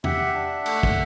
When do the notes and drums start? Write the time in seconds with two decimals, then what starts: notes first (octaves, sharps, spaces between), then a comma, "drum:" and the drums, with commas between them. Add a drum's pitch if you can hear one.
0.04 G4 E5 F#5, drum: tom E2
0.34 D4
0.66 A3, drum: cymbal
0.83 drum: kick